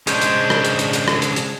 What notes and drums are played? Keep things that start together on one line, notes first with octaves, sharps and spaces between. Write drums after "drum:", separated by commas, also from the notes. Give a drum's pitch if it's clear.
C#3 G#3 D4 C5, drum: hi-hat
drum: hi-hat
drum: rim click
drum: hi-hat
drum: hi-hat
drum: hi-hat
drum: rim click
drum: hi-hat
drum: hi-hat